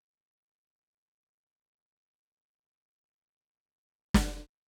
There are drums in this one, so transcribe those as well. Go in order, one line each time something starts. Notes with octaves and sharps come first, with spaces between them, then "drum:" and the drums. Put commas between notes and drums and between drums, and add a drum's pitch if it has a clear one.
F4
C#4 B4
A#4 C#5
F3 F#4 E5
drum: snare